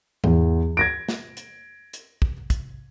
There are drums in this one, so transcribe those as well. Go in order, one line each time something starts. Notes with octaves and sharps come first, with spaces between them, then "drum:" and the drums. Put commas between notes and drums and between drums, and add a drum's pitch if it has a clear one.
E2, drum: tom G#2
G#6 A#6 D7
drum: snare
drum: hi-hat
drum: hi-hat
drum: kick
drum: kick, hi-hat